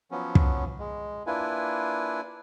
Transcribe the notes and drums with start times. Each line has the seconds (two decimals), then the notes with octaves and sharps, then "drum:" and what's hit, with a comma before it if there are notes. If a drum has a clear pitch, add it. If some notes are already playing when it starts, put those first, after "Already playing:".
0.11 F3 F#3 B3 C#4
0.35 drum: kick
0.79 G#3
1.27 A#3 D4 E4 F4 B4 G#5